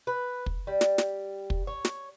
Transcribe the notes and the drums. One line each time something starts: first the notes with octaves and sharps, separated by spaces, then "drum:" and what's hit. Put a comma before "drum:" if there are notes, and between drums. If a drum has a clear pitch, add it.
B4
drum: kick
G3
drum: snare
drum: snare
drum: kick
C#5
drum: snare